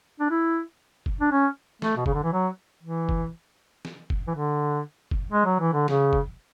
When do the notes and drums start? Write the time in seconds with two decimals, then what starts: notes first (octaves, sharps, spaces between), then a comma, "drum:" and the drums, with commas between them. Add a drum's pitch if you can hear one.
0.20 D4
0.30 E4
1.06 drum: kick F#1
1.21 D4
1.32 C#4
1.82 A3, drum: snare
1.96 B2
2.06 C#3, drum: kick F#1
2.14 D3
2.24 E3
2.33 F#3
2.83 E3
3.09 drum: kick F#1
3.85 drum: snare
4.10 drum: kick F#1
4.27 E3
4.35 D3
5.11 drum: kick F#1
5.32 G#3
5.45 F#3
5.60 E3
5.73 D3
5.88 C#3, drum: snare
6.13 drum: kick F#1